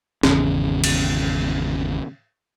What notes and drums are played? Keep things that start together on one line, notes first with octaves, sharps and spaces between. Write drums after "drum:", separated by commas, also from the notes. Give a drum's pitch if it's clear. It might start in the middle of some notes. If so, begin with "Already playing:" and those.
G#1 E2 C#3, drum: snare
drum: cymbal